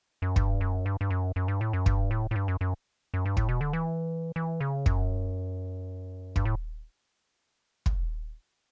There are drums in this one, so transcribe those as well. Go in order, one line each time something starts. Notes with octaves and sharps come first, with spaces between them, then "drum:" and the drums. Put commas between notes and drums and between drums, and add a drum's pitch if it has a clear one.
F#2
G2, drum: kick
F#2
G2
G2
F#2
F#2
G2
A2
F#2
G2, drum: kick
A2
A2
G2
F#2
F#2
F#2
G2
A2, drum: kick
B2
D3
E3
E3
C#3
F#2, drum: kick
G2, drum: kick
A2
drum: kick